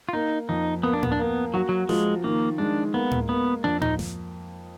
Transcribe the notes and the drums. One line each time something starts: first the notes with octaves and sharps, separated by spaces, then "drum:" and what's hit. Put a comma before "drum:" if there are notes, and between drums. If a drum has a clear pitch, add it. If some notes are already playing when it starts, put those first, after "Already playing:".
F4
A#3 D#4
F2 D#4
A#3 B3
D4
B3, drum: tom A2
D4
A#3 B3
F#3 F#4
F#3
F3 G#3, drum: snare
D#3 A#3
G#3 D4
A#3 B3
drum: tom A2
A#3 B3
F2 D4
D#4, drum: tom A2
drum: snare